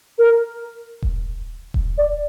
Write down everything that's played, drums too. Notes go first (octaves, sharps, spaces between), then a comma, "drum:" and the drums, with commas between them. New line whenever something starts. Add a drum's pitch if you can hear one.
A#4
drum: kick D#1
drum: kick D#1
D5